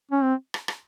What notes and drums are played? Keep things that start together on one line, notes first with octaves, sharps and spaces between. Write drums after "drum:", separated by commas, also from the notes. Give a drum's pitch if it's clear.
C#4
C4
drum: rim click
drum: rim click